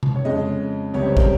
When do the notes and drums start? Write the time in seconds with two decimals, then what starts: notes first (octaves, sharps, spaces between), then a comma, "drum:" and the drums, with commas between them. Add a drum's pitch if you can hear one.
0.03 drum: tom C3
0.16 C#5
0.25 F2 C#3 G#3 D#5
0.94 C#2 C3 G3 C#5
1.06 C5
1.17 A#4, drum: kick